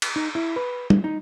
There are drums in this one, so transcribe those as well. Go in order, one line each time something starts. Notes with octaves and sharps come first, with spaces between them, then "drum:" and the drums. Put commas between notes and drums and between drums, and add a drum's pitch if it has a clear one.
drum: cymbal
D#4
E4
B4
drum: tom
D#4